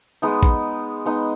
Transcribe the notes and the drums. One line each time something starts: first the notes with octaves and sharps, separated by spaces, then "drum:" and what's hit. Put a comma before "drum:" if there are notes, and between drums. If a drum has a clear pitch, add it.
G#3 B3 D#4
drum: kick
G#3 B3 D#4